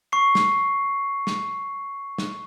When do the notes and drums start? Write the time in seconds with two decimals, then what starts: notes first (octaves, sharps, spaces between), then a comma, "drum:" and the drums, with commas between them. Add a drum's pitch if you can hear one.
0.12 C#6 C7
0.35 drum: snare
1.27 drum: snare
2.18 drum: snare